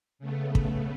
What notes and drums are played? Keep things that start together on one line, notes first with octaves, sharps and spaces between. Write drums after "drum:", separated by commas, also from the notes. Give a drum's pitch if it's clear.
C#3 A3 B3
drum: kick